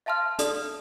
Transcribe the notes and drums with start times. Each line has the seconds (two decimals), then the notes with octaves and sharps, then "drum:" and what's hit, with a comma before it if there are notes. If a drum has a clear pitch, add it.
0.06 E5 F5 A5 C6 F6
0.39 A4 D5 D#6, drum: hi-hat